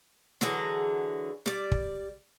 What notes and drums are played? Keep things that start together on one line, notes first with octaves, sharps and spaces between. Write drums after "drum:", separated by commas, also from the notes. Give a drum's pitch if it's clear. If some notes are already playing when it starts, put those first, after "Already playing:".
D3 E3 F#3 G#4, drum: snare
G3 D5, drum: snare
drum: kick